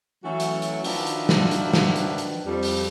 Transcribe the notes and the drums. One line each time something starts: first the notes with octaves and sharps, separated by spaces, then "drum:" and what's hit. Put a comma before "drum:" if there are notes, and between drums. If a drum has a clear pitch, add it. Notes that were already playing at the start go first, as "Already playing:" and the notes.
E3 F#3 A3 C#4 F#4 A4
drum: hi-hat
drum: hi-hat
D#3 F3 D4 E4 F#4 B4, drum: open hi-hat
drum: hi-hat
drum: snare
drum: hi-hat
drum: snare
drum: hi-hat
drum: hi-hat
F2 G3
drum: open hi-hat